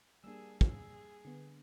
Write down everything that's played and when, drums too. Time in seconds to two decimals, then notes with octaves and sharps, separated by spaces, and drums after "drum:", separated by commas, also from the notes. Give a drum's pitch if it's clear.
0.24 G3 A#3 D4 G#4 E6
0.61 G#4, drum: kick
1.25 D3 B3